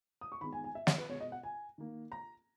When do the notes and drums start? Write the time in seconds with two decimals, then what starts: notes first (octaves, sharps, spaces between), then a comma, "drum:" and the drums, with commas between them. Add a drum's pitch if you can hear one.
0.21 D#6
0.32 C#6
0.41 D#3 G#3 B3 B5
0.53 G#5
0.64 G#5
0.75 E5
0.87 C#5, drum: snare
0.98 B4
1.09 B2 G#3 B3 C#5
1.20 D#5
1.32 F#5
1.43 G#5
1.78 D#3 A#3
2.12 A#5